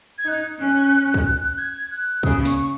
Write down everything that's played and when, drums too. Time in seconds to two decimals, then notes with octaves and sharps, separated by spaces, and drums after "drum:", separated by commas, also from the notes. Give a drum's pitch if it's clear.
0.18 G#6
0.27 D#4 F#6
0.60 C#4
1.14 drum: kick
1.51 F#6
1.58 G#6
1.91 F#6
2.23 C#3 D#6, drum: kick
2.38 B5
2.45 C#6, drum: snare
2.58 C#6